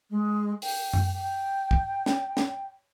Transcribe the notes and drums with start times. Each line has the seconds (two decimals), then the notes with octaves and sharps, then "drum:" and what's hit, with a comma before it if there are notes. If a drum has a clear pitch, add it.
0.10 G#3
0.62 G5, drum: open hi-hat
0.93 drum: tom F#2
1.15 G5
1.71 drum: kick
2.06 drum: snare
2.37 drum: snare